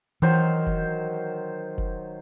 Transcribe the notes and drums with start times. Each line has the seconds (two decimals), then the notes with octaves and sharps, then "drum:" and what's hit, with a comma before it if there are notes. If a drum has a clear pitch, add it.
0.22 D#3 E3 F#3 C5
0.67 drum: kick
1.78 drum: kick